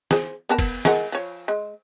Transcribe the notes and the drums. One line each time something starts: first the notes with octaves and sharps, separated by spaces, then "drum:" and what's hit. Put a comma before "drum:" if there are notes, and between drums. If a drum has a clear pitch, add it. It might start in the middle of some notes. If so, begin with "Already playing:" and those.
G#4 C5, drum: snare
B3 A#4 A5
drum: kick, cymbal
G#3 A#4 F#5, drum: snare
F3 C#5
G#3